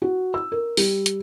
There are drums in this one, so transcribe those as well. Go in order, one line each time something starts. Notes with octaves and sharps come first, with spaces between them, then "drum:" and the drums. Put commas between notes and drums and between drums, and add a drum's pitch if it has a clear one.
F#4
E6
A#4
G3, drum: open hi-hat
drum: hi-hat